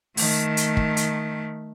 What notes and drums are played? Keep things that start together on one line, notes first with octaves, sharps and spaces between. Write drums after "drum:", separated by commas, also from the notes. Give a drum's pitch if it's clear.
D#3 A3, drum: open hi-hat
drum: hi-hat
drum: kick
drum: hi-hat